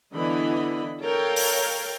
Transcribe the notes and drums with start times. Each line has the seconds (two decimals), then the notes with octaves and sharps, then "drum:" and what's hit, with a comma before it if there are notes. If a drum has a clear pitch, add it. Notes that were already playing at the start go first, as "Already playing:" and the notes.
0.12 D3 E3 B3 D#5 B5
1.02 A4 A#4 C#5 F5 G5
1.36 drum: open hi-hat